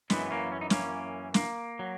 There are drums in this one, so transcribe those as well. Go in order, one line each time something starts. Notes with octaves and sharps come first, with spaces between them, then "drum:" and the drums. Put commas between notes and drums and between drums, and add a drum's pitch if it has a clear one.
F#2 E3 G#3 B3, drum: snare
B3
A#3 C#4
C#4
D#4
A#3 C#4, drum: snare
A#3, drum: snare
F#3